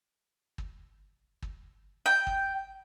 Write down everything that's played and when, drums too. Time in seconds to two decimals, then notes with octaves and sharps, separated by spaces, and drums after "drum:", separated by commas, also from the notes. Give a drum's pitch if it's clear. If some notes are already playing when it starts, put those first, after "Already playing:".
0.58 drum: kick
1.42 drum: kick
2.06 G5
2.27 drum: kick